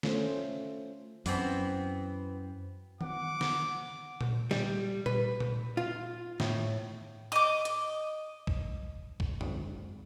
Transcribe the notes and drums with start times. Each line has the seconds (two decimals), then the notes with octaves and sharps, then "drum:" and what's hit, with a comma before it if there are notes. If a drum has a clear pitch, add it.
0.03 A3 C#4 F4 C5, drum: snare
1.26 F#2 E3 B3 C4, drum: open hi-hat
3.01 F#5 D6, drum: tom D#3
3.41 drum: snare
4.21 drum: tom A#2
4.51 G3, drum: snare
5.06 B4, drum: tom A#2
5.40 drum: tom A#2
5.77 F4
6.40 A2, drum: snare
7.32 D#5 D6
7.65 drum: hi-hat
8.47 drum: kick
9.20 drum: kick
9.41 drum: tom F#2